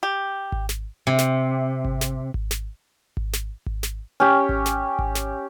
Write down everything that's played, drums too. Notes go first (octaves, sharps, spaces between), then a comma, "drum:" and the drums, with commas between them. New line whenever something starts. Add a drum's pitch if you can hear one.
G4
drum: kick G#1
drum: snare
C3
drum: snare
drum: kick G#1
drum: snare
drum: kick G#1
drum: snare
drum: kick G#1
drum: snare
drum: kick G#1
drum: snare
C#4 G4
drum: kick G#1
drum: snare
drum: kick G#1
drum: snare